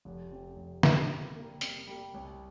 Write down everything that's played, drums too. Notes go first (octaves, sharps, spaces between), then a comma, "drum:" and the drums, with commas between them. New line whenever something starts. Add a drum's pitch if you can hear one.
F1
F2 C3
F1
F2 C3, drum: snare
C3
G3 A#3
C3, drum: hi-hat
G3 A#3
C2